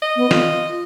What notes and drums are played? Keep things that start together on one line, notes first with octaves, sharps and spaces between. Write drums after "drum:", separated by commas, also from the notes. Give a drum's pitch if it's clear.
D#5
B3
F4, drum: snare